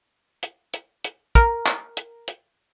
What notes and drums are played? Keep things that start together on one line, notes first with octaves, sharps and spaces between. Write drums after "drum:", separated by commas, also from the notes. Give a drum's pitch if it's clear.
drum: hi-hat
drum: hi-hat
drum: hi-hat
A#4, drum: kick, hi-hat
drum: clap
drum: hi-hat
drum: hi-hat